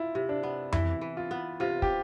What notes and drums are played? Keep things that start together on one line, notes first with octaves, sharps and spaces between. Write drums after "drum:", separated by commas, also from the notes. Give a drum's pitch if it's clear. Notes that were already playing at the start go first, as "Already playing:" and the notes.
Already playing: E4 F4
C3
D4
B3
E3 E4, drum: tom F2
E3
F4
B3
C3 F4
G4, drum: kick